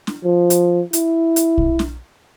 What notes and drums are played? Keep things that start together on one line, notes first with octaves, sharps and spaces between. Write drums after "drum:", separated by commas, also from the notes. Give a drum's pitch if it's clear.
drum: snare
F3
drum: hi-hat
E4, drum: hi-hat
drum: hi-hat
drum: kick
drum: snare